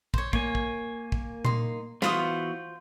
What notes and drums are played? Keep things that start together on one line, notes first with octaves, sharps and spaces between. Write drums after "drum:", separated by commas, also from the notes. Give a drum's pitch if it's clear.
C5 C#5, drum: kick
A#3 C#5 G#5, drum: kick
drum: kick
drum: kick
D#4 C6, drum: tom A#2
E3 B3 F4 F#4 C5 D#6, drum: snare